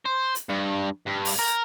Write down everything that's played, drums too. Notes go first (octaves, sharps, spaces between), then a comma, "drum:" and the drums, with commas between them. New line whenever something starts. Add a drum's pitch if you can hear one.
C5
drum: hi-hat
G2
G2
drum: open hi-hat
A#4